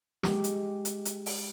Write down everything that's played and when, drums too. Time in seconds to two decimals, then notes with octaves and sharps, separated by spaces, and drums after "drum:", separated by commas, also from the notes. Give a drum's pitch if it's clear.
0.23 G#3 G4, drum: snare
0.44 drum: hi-hat
0.85 drum: hi-hat
1.05 drum: hi-hat
1.26 drum: open hi-hat